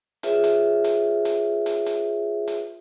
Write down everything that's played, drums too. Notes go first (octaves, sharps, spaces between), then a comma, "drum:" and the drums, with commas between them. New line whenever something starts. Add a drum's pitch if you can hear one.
F4 G#4 B4 C#5 E5, drum: hi-hat
drum: hi-hat
drum: hi-hat
drum: hi-hat
drum: hi-hat
drum: hi-hat
drum: hi-hat